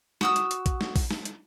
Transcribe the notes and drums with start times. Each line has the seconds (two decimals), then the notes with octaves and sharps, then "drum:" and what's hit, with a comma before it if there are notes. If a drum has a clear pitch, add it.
0.21 F#4 D#6 E6, drum: snare
0.36 drum: hi-hat
0.51 drum: hi-hat
0.66 drum: kick A#1, hi-hat
0.81 drum: snare
0.96 drum: kick A#1, open hi-hat
1.11 drum: snare
1.25 drum: hi-hat